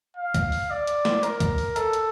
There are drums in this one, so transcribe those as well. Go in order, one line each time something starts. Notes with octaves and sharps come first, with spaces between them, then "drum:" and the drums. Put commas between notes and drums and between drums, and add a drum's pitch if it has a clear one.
F5
drum: kick, hi-hat
drum: open hi-hat
D5
drum: hi-hat
drum: snare
A#4, drum: hi-hat
drum: kick, hi-hat
drum: open hi-hat
A4, drum: hi-hat
drum: hi-hat